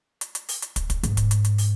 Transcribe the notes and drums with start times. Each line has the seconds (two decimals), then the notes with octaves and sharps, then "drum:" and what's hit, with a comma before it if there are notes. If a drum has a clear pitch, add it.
0.21 drum: hi-hat
0.35 drum: hi-hat
0.49 drum: open hi-hat
0.62 drum: hi-hat
0.76 drum: kick, hi-hat
0.90 drum: kick, hi-hat
1.03 G#2, drum: hi-hat
1.17 drum: kick, hi-hat
1.31 drum: hi-hat
1.45 drum: hi-hat
1.58 drum: open hi-hat